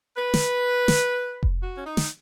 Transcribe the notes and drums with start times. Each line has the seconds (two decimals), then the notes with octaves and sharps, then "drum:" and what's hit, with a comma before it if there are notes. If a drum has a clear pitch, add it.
0.15 B4
0.34 drum: snare
0.88 drum: snare
1.43 drum: kick F1
1.61 F#4
1.74 C#4
1.85 D#4
1.97 drum: snare